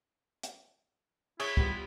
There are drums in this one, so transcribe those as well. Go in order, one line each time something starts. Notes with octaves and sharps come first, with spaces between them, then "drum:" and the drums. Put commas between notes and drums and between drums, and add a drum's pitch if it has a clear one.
drum: hi-hat
E4 G#4 C#5 E5, drum: cymbal
G3 B3 F4, drum: kick